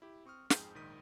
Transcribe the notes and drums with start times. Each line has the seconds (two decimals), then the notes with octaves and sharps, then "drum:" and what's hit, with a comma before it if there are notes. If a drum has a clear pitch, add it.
0.02 E4 G4
0.25 C4 C#6 D#6 F6
0.50 F2 G#2 G#4 G5 G6, drum: snare
0.75 A#1 G#2 D#3 D#6 B6 D#7